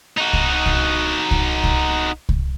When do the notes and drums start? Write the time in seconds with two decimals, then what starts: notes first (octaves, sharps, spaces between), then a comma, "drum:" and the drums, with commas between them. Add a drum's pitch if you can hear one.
0.17 D#4 F#4
0.33 drum: kick C2
0.66 drum: kick C2
1.31 drum: kick C2
1.64 drum: kick C2
2.29 drum: kick C2